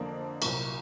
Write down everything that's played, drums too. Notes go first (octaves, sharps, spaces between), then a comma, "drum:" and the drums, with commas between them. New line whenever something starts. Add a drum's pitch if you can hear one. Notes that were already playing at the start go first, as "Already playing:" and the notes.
Already playing: F2 D3 F3 A#3 D4
C2 A#2 F#3 A#3 C#6, drum: cymbal